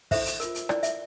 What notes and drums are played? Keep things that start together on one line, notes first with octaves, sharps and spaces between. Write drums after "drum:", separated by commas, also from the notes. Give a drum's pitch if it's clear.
E4 A4 C5 E5, drum: kick, open hi-hat
drum: hi-hat
F4 A#4, drum: hi-hat
drum: hi-hat
E4 A#4 D5, drum: rim click
E5, drum: hi-hat